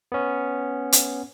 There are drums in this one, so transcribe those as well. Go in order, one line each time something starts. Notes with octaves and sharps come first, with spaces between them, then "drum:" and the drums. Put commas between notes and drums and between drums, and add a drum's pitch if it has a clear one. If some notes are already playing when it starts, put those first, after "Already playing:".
B3 C#4
drum: hi-hat